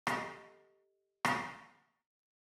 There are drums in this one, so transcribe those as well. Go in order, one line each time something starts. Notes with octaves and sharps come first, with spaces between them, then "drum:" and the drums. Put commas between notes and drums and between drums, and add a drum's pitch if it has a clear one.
G4 A4 D#5, drum: rim click
drum: rim click